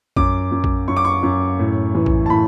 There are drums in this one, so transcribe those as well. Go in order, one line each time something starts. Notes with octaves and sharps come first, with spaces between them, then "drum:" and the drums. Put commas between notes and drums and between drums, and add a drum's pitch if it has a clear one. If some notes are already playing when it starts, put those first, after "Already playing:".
F#2 D6, drum: kick A#1
F#2
drum: kick A#1
F#2 C#6
D6
C#6
F#2
A2
E3
drum: kick A#1
A5
A2 B5